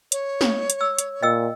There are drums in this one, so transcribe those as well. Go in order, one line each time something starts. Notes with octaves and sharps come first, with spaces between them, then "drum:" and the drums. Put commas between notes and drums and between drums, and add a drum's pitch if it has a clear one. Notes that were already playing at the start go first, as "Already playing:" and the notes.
C#5, drum: hi-hat
drum: snare
drum: hi-hat
E6
drum: hi-hat
A#2 D#5 G5 E6